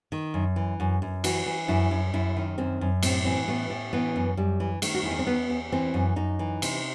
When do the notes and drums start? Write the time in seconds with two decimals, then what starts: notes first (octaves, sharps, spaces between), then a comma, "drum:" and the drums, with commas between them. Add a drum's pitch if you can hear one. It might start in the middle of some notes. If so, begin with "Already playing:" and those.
0.12 D#3
0.34 F#2
0.56 E3
0.80 F#2
1.02 F#2
1.24 E3 F#4, drum: cymbal
1.46 E3
1.68 F#2 E4
1.91 F#2
2.14 F#2 E4
2.37 D#3
2.58 F#2 C4
2.81 F#2
3.03 A2 C4, drum: cymbal
3.25 E3 C4
3.48 A2 B3
3.70 A2
3.93 E3 B3
4.16 F#2
4.37 F#2 G3
4.60 E3
4.82 D#3 A3, drum: cymbal
4.94 F#4
5.03 E2 E4
5.11 D#4
5.19 C4
5.27 E2 B3
5.50 E2
5.72 E3 C4
5.94 F#2
6.16 F#2 D#4
6.39 E3
6.62 C3, drum: cymbal